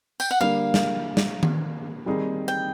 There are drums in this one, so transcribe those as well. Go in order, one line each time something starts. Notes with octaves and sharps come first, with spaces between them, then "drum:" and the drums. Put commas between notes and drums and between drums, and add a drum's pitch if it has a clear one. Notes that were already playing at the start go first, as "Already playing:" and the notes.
G5, drum: tambourine
F#5
D3 G3 A#3 F5
drum: snare
drum: snare
drum: tom D#3
D#3 G3 C4 D#4 G#4
G5